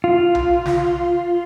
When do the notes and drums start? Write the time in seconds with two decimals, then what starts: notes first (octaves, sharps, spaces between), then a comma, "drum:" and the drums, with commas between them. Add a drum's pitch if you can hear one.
0.04 F4
0.35 drum: tom B1
0.66 drum: snare